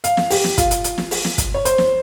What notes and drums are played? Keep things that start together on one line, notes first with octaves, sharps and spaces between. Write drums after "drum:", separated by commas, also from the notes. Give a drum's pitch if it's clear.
F5, drum: hi-hat
drum: snare
G4, drum: open hi-hat
drum: snare
F4, drum: kick, hi-hat
drum: hi-hat
drum: hi-hat
drum: snare
drum: open hi-hat
drum: snare
drum: kick, hi-hat
C#5
C5, drum: hi-hat
drum: snare